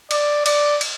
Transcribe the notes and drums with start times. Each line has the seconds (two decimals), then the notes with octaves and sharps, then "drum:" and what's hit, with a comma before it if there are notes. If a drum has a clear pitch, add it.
0.11 D5, drum: cymbal
0.46 D5, drum: cymbal
0.81 drum: cymbal